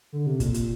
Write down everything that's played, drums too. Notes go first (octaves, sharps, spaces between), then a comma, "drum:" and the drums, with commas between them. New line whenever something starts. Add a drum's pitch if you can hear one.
D3
C3
A#2, drum: kick, hi-hat
drum: hi-hat